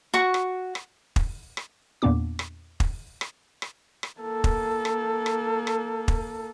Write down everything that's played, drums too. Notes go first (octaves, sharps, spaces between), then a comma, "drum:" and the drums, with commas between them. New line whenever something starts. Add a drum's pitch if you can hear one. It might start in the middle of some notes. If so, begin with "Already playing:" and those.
F#4 C#6
drum: rim click
drum: rim click
drum: kick
drum: rim click
E2 A#2 A#3 B3 D4 D6
drum: rim click
drum: kick
drum: rim click
drum: rim click
drum: rim click
A#3 A4
drum: kick
drum: rim click
drum: rim click
drum: rim click
drum: kick